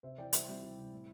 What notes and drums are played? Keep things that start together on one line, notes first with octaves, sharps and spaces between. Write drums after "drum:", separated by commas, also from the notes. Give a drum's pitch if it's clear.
C3 C5 E5
E3 D5 G5
G3 C5 E5, drum: hi-hat
G3 C4 E4
G3
C3
A2